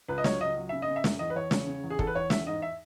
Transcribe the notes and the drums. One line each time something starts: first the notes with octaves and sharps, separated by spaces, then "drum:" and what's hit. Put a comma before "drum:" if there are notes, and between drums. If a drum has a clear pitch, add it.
C#2 B4
D#5
F#3 C#5, drum: snare
C#2 D#5
F#3
C#3 E5
D#5
C#3
E5
F#2, drum: snare
E2 D#5
B4
E2 C#5
C#3, drum: snare
C#3
E2
G#4
E2 A4, drum: kick
B4
E2 C#5
E2 E5, drum: snare
G#2 D#5
E5